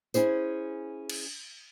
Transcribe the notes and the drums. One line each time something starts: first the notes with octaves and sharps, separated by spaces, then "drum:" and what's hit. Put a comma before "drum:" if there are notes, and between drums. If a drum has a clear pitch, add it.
C#4 E4 G#4 C5, drum: tambourine
drum: cymbal